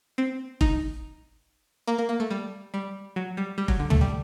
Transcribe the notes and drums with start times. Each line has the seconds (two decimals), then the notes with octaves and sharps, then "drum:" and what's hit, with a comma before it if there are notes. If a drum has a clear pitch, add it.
0.18 C4
0.61 D#4, drum: kick F1
1.87 A#3
1.98 A#3
2.09 A#3
2.20 A3
2.31 G3
2.74 G3
3.16 F#3
3.37 G3
3.58 G3
3.68 F#3, drum: kick F1
3.79 D3
3.90 A3, drum: tom
4.01 G3